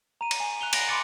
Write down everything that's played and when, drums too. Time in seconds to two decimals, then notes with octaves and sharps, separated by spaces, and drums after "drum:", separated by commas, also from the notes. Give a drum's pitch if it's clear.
0.21 A#5 D#7
0.31 drum: cymbal
0.40 G#5
0.61 F#6 F7 G7
0.73 A#6 D7 F7 F#7, drum: cymbal
0.88 B5 C6 D6 F#6 A6 C#7